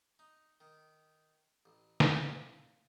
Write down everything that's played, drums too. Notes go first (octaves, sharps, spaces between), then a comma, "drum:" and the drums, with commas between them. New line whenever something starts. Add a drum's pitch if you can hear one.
D#4
D#3
A1
drum: snare
F4